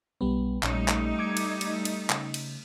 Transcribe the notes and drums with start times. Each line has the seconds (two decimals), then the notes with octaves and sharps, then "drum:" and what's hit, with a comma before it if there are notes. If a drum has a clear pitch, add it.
0.21 B1 G3 B3
0.63 A#1 G3 A3 C#4 D#4, drum: clap
0.88 drum: clap
1.19 D6 G#6
1.37 drum: cymbal
1.61 drum: cymbal
1.85 drum: cymbal
2.10 C#3, drum: clap
2.34 drum: cymbal